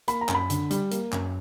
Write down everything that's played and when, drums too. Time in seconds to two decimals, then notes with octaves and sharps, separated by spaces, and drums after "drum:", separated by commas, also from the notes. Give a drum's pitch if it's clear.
0.08 A#3 B5, drum: hi-hat
0.21 A#5
0.29 F#2, drum: clap
0.35 B5
0.50 D3, drum: hi-hat
0.71 G3, drum: hi-hat
0.91 A#3, drum: hi-hat
1.12 F#2, drum: clap